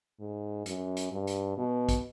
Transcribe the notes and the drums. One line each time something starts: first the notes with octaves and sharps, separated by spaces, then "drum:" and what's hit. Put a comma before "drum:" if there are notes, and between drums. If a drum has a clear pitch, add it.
G#2
F#2, drum: hi-hat
drum: hi-hat
G2
drum: hi-hat
B2
drum: kick, hi-hat